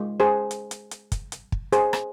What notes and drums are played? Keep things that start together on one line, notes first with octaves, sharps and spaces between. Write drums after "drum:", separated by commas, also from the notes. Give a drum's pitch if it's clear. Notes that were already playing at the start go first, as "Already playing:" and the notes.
Already playing: G#3 F4
G#4 C5
drum: hi-hat
drum: hi-hat
drum: hi-hat
drum: kick, hi-hat
drum: hi-hat
drum: kick
G#4 C5, drum: hi-hat
drum: rim click